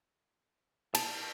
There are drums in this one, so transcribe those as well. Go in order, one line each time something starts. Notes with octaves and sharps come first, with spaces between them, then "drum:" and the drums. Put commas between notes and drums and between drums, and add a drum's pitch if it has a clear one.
A5, drum: cymbal